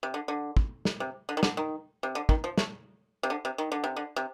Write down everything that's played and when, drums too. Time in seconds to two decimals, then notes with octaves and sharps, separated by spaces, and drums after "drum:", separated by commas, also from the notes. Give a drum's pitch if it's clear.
0.03 C3
0.14 D3
0.28 D3
0.57 drum: kick
0.85 drum: snare
1.00 C3
1.29 D3
1.37 D#3
1.43 D3, drum: snare
1.57 D#3
2.03 C3
2.15 D3
2.29 D#3, drum: kick
2.44 F3
2.58 A3, drum: snare
3.23 C3
3.30 D3
3.45 C3
3.58 D#3
3.72 D3
3.84 C3
3.96 D3
4.16 C3